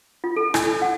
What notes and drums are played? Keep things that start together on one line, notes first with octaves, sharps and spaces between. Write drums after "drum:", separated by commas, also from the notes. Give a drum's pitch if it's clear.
F4
A4
E4, drum: rim click
F#5